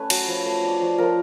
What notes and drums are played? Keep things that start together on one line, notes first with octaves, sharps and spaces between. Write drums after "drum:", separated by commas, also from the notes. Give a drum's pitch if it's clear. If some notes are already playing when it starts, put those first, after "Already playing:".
Already playing: A3 C#4 B4
F#3, drum: cymbal
F3
A3
D4
F3
F3 A#4